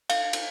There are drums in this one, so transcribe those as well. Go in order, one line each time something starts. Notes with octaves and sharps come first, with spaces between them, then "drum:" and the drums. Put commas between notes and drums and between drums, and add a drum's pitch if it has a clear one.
F5, drum: cymbal
drum: cymbal